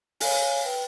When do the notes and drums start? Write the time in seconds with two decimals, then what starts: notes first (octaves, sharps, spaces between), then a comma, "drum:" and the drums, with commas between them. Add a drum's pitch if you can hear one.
0.20 C#5 F5 G#5, drum: open hi-hat
0.64 B4 G5